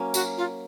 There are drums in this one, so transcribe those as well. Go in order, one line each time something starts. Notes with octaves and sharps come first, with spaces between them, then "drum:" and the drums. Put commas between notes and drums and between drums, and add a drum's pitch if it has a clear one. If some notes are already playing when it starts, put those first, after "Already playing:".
Already playing: F#3 A#3 C#4
F#4, drum: tambourine
F4